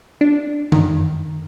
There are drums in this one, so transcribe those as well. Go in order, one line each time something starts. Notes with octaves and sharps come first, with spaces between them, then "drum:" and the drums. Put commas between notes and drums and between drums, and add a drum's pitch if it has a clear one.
D4
D#3, drum: tom F#2